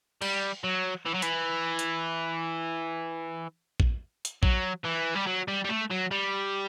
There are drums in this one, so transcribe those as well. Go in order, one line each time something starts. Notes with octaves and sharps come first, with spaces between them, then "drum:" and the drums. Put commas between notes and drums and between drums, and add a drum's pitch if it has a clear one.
G3, drum: cymbal
F#3
E3
F#3
E3, drum: hi-hat
drum: hi-hat
drum: kick A#1
drum: hi-hat
F#3, drum: kick A#1
E3
G3
F#3
G3
G3
A3
F#3
G3